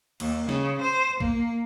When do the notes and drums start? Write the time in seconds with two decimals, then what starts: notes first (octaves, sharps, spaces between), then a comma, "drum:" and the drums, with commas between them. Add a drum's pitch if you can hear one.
0.20 D#2, drum: cymbal
0.49 C#3, drum: snare
0.82 C5
1.20 A#3, drum: kick A#1